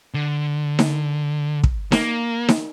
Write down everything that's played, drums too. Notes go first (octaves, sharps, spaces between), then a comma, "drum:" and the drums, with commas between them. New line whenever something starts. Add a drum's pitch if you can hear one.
D3
drum: snare D#4
drum: kick
A#3, drum: snare D#4
drum: snare D#4